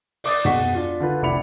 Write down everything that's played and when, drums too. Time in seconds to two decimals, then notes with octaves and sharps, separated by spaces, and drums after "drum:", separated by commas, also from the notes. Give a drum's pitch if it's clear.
0.24 D5 D6 D#6 A6, drum: open hi-hat
0.45 B2 F#4 G#4 C#6 B6, drum: tom
0.75 D4 F4
1.00 D3 F4 B4
1.22 F1 D4 E4 B5 C#7 F7